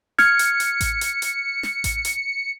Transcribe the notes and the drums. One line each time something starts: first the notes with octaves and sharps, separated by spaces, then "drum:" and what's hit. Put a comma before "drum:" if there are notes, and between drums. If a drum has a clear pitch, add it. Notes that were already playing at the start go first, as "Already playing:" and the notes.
F6 G#6 C#7, drum: snare
drum: hi-hat
drum: hi-hat
drum: kick A1, hi-hat
drum: hi-hat
drum: hi-hat
drum: snare
drum: kick A1, hi-hat
drum: hi-hat